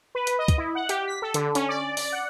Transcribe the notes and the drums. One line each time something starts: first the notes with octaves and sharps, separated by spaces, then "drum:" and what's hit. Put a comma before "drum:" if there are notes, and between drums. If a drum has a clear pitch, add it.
B4
drum: hi-hat
D#5
drum: kick, hi-hat
E4
F#5
G4, drum: hi-hat
B6
A4
D3, drum: hi-hat
C#4, drum: hi-hat
D5
D5, drum: open hi-hat
F#5